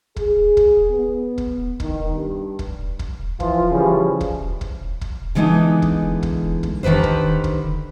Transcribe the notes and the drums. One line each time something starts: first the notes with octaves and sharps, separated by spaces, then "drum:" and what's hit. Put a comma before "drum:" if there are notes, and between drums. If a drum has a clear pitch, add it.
G#4, drum: kick
drum: kick
B3
drum: kick
D#3, drum: kick
G2
drum: kick
drum: kick
E3 F3 F4, drum: kick
C#3 E3 F3 G3 C#4
drum: kick
drum: kick
drum: kick
D3 E3 G#3 B3 D#4
drum: kick
drum: kick
drum: kick
D3 D#3 G4 B4 C5
drum: kick
drum: kick